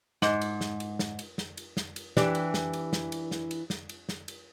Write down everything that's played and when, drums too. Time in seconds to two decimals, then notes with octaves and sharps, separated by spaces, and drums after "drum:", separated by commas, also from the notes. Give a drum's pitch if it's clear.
0.22 G#2, drum: snare
0.41 drum: cymbal
0.61 drum: snare
0.80 drum: cymbal
0.99 drum: snare
1.19 drum: cymbal
1.38 drum: snare
1.57 drum: cymbal
1.77 drum: snare
1.96 drum: cymbal
2.17 E3 D4 G4, drum: snare
2.35 drum: cymbal
2.54 drum: snare
2.73 drum: cymbal
2.93 drum: snare
3.12 drum: cymbal
3.31 drum: snare
3.51 drum: cymbal
3.70 drum: snare
3.89 drum: cymbal
4.09 drum: snare
4.28 drum: cymbal